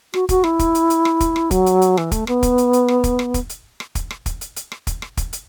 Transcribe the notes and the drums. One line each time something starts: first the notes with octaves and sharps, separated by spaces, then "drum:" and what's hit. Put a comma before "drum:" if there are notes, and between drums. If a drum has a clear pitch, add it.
F#4, drum: rim click
F#4, drum: kick, hi-hat
E4, drum: rim click
drum: kick, hi-hat
drum: hi-hat
drum: hi-hat
drum: rim click
drum: kick, hi-hat
drum: rim click
F#3, drum: kick, hi-hat
drum: hi-hat
drum: hi-hat
E3, drum: rim click
A3, drum: kick, hi-hat
B3, drum: rim click
drum: kick, hi-hat
drum: hi-hat
drum: hi-hat
drum: rim click
drum: kick, hi-hat
drum: rim click
drum: kick, hi-hat
drum: hi-hat
drum: rim click
drum: kick, hi-hat
drum: rim click
drum: kick, hi-hat
drum: hi-hat
drum: hi-hat
drum: rim click
drum: kick, hi-hat
drum: rim click
drum: kick, hi-hat
drum: hi-hat